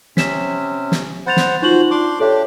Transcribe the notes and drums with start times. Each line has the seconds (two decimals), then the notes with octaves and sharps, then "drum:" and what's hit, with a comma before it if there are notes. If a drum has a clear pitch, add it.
0.17 C3 C#4 B6 E7, drum: snare
0.92 drum: snare
1.26 C5 F#5 B5 A6 F7
1.37 drum: snare
1.62 D#4 F4 F#4 C5 F#7
1.91 D4 C6 D6
2.20 D4 G4 A4 C#5 E5